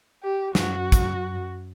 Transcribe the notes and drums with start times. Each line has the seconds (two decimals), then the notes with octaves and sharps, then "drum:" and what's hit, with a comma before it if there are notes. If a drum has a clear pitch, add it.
0.23 G4
0.55 F#2 F#4, drum: snare
0.92 drum: kick, hi-hat